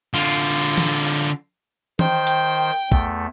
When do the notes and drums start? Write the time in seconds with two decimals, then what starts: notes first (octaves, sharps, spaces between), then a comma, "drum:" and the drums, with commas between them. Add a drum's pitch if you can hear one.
0.14 D3 F4
0.78 drum: tom
1.99 D#3 C5 G5, drum: tom
2.27 drum: hi-hat
2.92 E2 A3, drum: kick